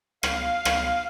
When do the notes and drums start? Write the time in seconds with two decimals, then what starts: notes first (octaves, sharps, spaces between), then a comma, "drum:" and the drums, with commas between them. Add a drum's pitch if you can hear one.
0.23 F5, drum: rim click
0.65 drum: rim click